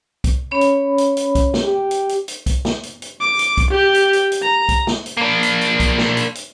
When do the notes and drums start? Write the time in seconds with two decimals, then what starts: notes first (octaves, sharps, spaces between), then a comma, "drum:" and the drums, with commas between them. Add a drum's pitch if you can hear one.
0.24 drum: kick C2, hi-hat
0.51 C#4 C#5 B5
0.61 drum: hi-hat
0.98 drum: hi-hat
1.17 drum: hi-hat
1.35 drum: kick C2, hi-hat
1.54 drum: snare
1.63 G4
1.91 drum: hi-hat
2.09 drum: hi-hat
2.28 drum: hi-hat
2.46 drum: kick C2, hi-hat
2.65 drum: snare
2.83 drum: hi-hat
3.02 drum: hi-hat
3.20 D6
3.39 drum: hi-hat
3.58 drum: kick C2, hi-hat
3.70 G4
3.95 drum: hi-hat
4.13 drum: hi-hat
4.32 drum: hi-hat
4.42 A#5
4.69 drum: kick C2, hi-hat
4.87 drum: snare
5.06 drum: hi-hat
5.17 A#3 D4
5.43 drum: hi-hat
5.61 drum: hi-hat
5.80 drum: kick C2, hi-hat
5.98 drum: snare
6.17 drum: hi-hat
6.35 drum: hi-hat